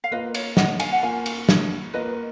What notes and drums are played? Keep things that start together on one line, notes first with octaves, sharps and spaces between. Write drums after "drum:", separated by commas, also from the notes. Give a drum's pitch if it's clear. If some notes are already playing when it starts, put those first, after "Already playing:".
F5
A#3 F4 A#4 B4 D#5
C#5 F5, drum: cymbal
D#5 F#5, drum: snare
F5 G#5, drum: cymbal
F#5
A#3 F4 A#4 F5 G#5
drum: cymbal
drum: snare
A#3 F4 A#4 B4 D#5